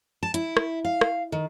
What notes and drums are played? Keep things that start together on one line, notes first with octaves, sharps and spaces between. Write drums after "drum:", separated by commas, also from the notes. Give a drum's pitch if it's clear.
A5
E4, drum: hi-hat
drum: rim click
F5
drum: rim click
D#3